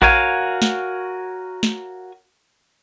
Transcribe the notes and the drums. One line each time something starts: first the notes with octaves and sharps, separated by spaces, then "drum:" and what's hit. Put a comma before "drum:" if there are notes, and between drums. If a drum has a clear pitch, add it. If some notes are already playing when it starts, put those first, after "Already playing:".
F#4 A#4 C#5 F5 G#5, drum: kick A#1
drum: snare
drum: snare